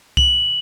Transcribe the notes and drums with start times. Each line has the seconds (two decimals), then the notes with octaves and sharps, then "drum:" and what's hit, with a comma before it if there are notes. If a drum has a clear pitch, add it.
0.17 F#7, drum: kick C2